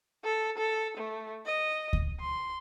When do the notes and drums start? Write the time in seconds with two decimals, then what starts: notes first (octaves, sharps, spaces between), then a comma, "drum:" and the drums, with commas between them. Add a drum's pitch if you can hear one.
0.25 A4
0.58 A4
0.98 A3
1.46 D#5
1.93 drum: kick D2
2.21 C6